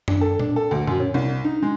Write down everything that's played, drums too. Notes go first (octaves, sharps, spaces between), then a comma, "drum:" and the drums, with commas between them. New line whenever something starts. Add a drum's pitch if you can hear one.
D4, drum: tom F#2
A4
D4, drum: tom A#2
A4
D2
F#2, drum: tom A#2
C#4
C2
D#4
G#3